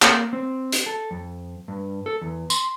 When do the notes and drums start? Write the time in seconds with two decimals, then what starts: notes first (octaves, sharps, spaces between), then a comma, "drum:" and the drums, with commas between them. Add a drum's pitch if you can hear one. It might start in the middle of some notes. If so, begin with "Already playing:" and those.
0.02 A#3, drum: clap
0.33 C4
0.72 drum: hi-hat
0.86 A4
1.11 F2
1.68 G2
2.06 A4
2.21 E2
2.50 C6, drum: tambourine